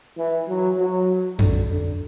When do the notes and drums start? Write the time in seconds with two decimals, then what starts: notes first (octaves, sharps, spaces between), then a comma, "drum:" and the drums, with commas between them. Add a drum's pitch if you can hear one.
0.17 E3
0.48 F#3
0.77 F#3
1.39 D3, drum: tom F2
1.70 D3